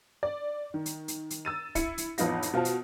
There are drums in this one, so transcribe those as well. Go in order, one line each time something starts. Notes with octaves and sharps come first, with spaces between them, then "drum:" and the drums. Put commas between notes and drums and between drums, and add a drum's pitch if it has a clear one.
D5
D#3
drum: hi-hat
drum: hi-hat
drum: hi-hat
E6 A6 D#7
E4 C#7 D#7, drum: kick, hi-hat
drum: hi-hat
A1 F2 B3 D#4 F4 A#6, drum: hi-hat
drum: hi-hat
B2 F4 C5 A5
drum: hi-hat